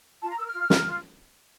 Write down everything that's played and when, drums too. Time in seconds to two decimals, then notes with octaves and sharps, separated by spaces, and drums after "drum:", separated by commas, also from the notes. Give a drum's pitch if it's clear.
0.20 F4 A5
0.29 A#5
0.37 A#4 E6
0.45 F6
0.53 F4
0.70 A#4, drum: snare
0.86 F4